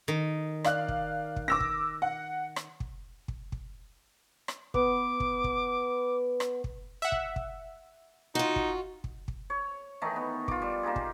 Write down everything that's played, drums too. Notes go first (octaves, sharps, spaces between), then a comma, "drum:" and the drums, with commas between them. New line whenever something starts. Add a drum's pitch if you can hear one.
D#3
D5 F5 F#6, drum: rim click
drum: kick
drum: kick
D6 E6 A#6
drum: kick
F#5
drum: rim click
drum: kick
drum: kick
drum: kick
drum: rim click
B3 D6, drum: kick
drum: kick
drum: kick
drum: rim click
drum: kick
E5 F#5
drum: kick
drum: kick
D#4 F4 F#4
drum: kick
drum: kick
drum: kick
C#5
D#3 E3 A3 D#4
B3
F4 D6, drum: kick
G3
A#3 D#4 G4 G#4
drum: kick